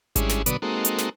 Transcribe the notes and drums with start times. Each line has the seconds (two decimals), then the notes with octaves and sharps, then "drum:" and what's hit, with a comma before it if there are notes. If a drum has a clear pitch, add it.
0.16 G3 G#3 C#4 D4 E4 G#4, drum: kick G#1, hi-hat
0.29 drum: snare
0.46 B2 D3 F#3 B3 D5 D#6, drum: hi-hat
0.62 G#3 A#3 C4 D#4 F#4 A4
0.85 drum: hi-hat
0.98 drum: snare